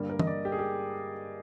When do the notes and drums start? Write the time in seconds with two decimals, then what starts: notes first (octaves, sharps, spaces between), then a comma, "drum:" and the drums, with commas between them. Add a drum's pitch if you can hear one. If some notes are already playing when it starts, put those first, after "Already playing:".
Already playing: G2 D3 G3 A#3
0.10 A#4
0.19 D#5, drum: tom E3
0.27 D5
0.45 G4
0.52 G#4
0.59 G4